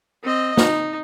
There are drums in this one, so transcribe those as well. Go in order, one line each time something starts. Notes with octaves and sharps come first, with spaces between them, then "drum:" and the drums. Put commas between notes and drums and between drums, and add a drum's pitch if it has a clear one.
C4 D#5
D#4, drum: snare